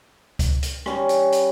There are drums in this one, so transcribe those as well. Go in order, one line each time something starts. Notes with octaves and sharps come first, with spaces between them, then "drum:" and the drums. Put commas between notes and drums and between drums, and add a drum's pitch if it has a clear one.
drum: kick C#2, hi-hat
drum: hi-hat
G3 C#4, drum: rim click
drum: hi-hat
drum: hi-hat